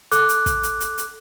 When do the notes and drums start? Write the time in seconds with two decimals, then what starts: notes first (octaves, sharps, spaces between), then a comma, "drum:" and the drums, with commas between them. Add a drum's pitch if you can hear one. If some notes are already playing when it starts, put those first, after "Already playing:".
0.11 A4 D6 F#6, drum: hi-hat
0.29 drum: hi-hat
0.46 drum: kick, hi-hat
0.63 drum: hi-hat
0.80 drum: hi-hat
0.98 drum: hi-hat